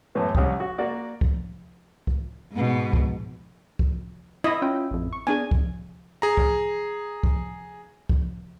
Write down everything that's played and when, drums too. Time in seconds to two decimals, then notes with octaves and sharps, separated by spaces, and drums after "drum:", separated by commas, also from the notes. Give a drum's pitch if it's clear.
0.15 F#2 A2 E3 B3
0.35 C2 C#4 G4 D#6, drum: kick
0.60 F#4
0.78 A#3 F#4 D5
1.21 drum: kick
2.07 drum: kick
2.53 G#2 B2
2.93 drum: kick
3.79 drum: kick
4.44 E4 D#5
4.62 C#4 F4 G5
4.91 A1 F2
5.13 C#6
5.27 B3 D4 G#4 G#5
5.51 drum: kick
6.22 G#4 A#5
6.37 drum: kick
7.23 drum: kick
8.09 drum: kick